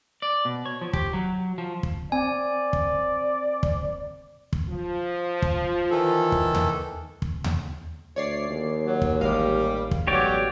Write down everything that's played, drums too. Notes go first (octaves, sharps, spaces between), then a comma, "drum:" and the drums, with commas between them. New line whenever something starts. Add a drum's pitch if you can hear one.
D5
B2
C#5
F3
G4, drum: kick
F#3
F3
drum: kick
C4 D5 G#5
drum: kick
drum: kick
drum: kick
F3
drum: kick
D#3 E3 A4
drum: kick
drum: tom D#2
drum: kick
drum: tom D#2
D2 C#5 D5 C7
D#2
F#3
drum: kick
A1 G3 G#3 F5
drum: kick
B1 F#3 G4 C#5 D5